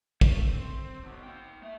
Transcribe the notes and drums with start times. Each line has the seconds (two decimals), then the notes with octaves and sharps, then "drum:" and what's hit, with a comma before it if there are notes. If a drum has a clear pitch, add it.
0.21 A3, drum: kick
0.44 C4
1.04 B1 B2
1.23 A#3 G5
1.63 A3 E5